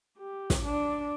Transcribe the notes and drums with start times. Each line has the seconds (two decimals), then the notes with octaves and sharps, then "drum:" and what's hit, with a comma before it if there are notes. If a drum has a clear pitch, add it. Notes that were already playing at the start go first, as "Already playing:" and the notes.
0.18 G4
0.50 drum: snare
0.64 D4